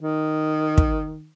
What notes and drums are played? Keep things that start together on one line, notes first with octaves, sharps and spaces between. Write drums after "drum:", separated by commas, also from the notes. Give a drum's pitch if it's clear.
D#3
drum: kick